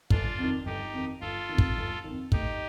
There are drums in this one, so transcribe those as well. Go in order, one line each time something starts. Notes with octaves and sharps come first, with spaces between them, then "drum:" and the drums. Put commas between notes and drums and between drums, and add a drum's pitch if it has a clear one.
G1 D4 F4, drum: kick
F2 D#3
G1 D#4 G4
F2 D#3
G1 F4 A4
F2 D#3
drum: kick
G1
D#3
F2
D2 D#4 G4, drum: kick